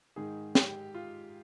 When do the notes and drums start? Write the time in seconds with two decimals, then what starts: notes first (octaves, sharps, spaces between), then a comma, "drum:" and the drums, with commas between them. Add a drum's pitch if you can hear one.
0.16 G#2 D#3 G#4
0.55 G4, drum: snare
0.94 F4